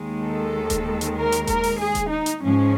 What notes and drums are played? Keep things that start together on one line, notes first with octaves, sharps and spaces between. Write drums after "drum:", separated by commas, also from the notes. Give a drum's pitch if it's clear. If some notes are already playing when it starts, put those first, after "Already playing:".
Already playing: D#2 D#3 G#3
A4
drum: kick D#1, hi-hat
drum: hi-hat
A#4
drum: hi-hat
A#4, drum: kick D#1, hi-hat
drum: open hi-hat
G#4
drum: kick D#1, hi-hat
D#4
drum: hi-hat
G#2 F3 G#3 C#4